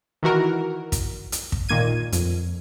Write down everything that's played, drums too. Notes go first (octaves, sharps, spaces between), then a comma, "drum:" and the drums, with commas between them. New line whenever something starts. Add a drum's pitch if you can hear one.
D#3 E3 F#4 A#4
drum: kick, hi-hat
drum: hi-hat
drum: kick
A#2 D#3 A#3 G#6 D#7
F2, drum: hi-hat